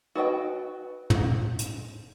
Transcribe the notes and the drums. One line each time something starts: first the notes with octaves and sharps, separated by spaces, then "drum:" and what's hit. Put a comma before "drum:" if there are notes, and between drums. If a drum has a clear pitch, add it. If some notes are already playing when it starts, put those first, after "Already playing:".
F#4 B4 D#5 G5
drum: tom
drum: hi-hat